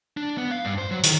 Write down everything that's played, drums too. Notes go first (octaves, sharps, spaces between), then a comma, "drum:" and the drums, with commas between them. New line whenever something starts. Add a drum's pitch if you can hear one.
D4
B3
F5
G2
C5
F#3
D#3, drum: hi-hat